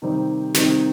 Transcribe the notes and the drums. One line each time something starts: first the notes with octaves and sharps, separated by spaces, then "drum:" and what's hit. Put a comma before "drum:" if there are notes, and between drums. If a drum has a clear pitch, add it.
C3 D#3 G3 C4 D#4
C3 D#3 G3 C4 D#4, drum: snare